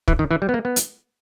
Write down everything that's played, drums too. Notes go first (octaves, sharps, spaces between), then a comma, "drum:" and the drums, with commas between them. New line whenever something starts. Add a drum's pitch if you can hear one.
E3, drum: kick
D#3
E3
G3
B3
A#3
B3
drum: hi-hat